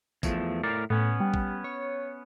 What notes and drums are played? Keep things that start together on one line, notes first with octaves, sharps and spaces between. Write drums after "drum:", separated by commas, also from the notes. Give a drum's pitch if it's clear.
E2 F3 A3, drum: kick, tambourine
A2 A#4 D5
A2 B3 C#4
G3
drum: kick
C#5